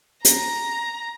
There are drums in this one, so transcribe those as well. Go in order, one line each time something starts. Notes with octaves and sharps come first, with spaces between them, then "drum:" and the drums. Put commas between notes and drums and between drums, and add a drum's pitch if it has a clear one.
A#5, drum: hi-hat